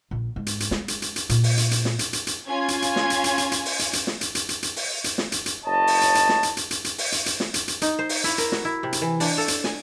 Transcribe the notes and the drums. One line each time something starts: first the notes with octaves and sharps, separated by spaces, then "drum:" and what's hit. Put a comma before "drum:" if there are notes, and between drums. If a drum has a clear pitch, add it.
A#1
G#2
drum: hi-hat
drum: hi-hat
G#3, drum: snare
drum: hi-hat
drum: hi-hat
drum: hi-hat
A#2, drum: hi-hat
drum: open hi-hat
drum: hi-hat
drum: hi-hat
drum: snare
drum: hi-hat
drum: hi-hat
drum: hi-hat
C#4 F4 G#5 G#6
drum: hi-hat
drum: hi-hat
drum: snare
drum: hi-hat
drum: hi-hat
drum: hi-hat
drum: hi-hat
drum: open hi-hat
drum: hi-hat
drum: hi-hat
drum: snare
drum: hi-hat
drum: hi-hat
drum: hi-hat
drum: hi-hat
drum: open hi-hat
drum: hi-hat
drum: snare
drum: hi-hat
drum: hi-hat
F#1 C#5 D#5 A5
drum: open hi-hat
drum: hi-hat
drum: hi-hat
drum: snare
drum: hi-hat
drum: hi-hat
drum: hi-hat
drum: hi-hat
drum: open hi-hat
drum: hi-hat
drum: hi-hat
drum: snare
drum: hi-hat
drum: hi-hat
D#4, drum: hi-hat
C5
drum: open hi-hat
E4, drum: hi-hat
A#4, drum: hi-hat
F#4, drum: snare
E4
C3
drum: hi-hat
E3
D4, drum: open hi-hat
A4
drum: hi-hat
G#5, drum: snare